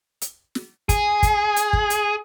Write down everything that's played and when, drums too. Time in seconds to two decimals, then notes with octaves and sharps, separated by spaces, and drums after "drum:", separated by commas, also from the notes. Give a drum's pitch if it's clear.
0.21 drum: hi-hat
0.55 drum: snare
0.89 G#4, drum: kick, hi-hat
1.23 drum: kick, hi-hat
1.56 drum: hi-hat
1.73 drum: kick
1.90 drum: hi-hat